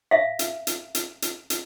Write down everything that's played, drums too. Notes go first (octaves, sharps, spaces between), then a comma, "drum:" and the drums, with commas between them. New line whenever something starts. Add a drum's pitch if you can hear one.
E5 F5
drum: hi-hat
drum: hi-hat
drum: hi-hat
drum: hi-hat
drum: hi-hat